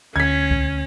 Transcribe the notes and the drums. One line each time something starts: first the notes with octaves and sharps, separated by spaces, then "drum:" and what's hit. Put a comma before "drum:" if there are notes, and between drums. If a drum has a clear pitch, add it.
D2 C#4 G#6 B6
drum: kick C2